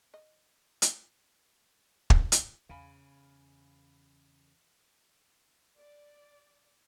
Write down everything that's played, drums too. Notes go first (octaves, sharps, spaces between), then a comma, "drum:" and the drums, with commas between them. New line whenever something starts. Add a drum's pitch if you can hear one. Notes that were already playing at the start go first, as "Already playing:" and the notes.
D#5
drum: hi-hat
drum: kick
drum: hi-hat
E2 C#3 F5 G#5 B5
D5